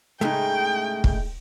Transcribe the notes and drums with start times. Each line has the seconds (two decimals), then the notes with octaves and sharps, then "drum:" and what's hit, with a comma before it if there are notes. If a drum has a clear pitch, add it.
0.21 A2 C#3 G#3 A3 D#4 G5
1.04 drum: kick